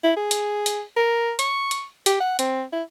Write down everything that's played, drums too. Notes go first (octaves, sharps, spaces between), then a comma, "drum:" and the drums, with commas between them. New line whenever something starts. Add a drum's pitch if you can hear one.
E4
G#4
drum: hi-hat
drum: hi-hat
A#4
C#6, drum: hi-hat
drum: hi-hat
G4, drum: hi-hat
F#5
C4, drum: hi-hat
E4